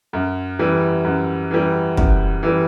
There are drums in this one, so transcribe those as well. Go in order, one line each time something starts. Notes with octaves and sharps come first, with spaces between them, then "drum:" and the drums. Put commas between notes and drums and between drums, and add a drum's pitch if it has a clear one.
F#2
E3 G3
F#2
E3 G3
F#2, drum: kick
E3 G3